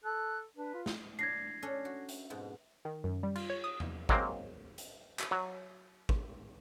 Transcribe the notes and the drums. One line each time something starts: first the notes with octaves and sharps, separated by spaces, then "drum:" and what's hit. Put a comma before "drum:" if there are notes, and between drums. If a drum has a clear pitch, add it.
A4 F#6
D4 B4
F4
drum: snare
D4 G#6 A#6 C7
C#4 D4 A4
F#4
drum: hi-hat
F2 G#2 B2
D#3
F#2
G3
F4, drum: cymbal
C#5
D#6
drum: tom E2
F#3 G#3 A#3 C4, drum: kick
drum: hi-hat
drum: clap
F#3
drum: kick